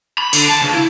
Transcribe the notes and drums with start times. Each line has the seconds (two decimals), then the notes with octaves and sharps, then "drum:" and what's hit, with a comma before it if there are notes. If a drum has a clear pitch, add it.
0.18 B5
0.33 D3, drum: open hi-hat
0.48 A5
0.62 C#2
0.74 E4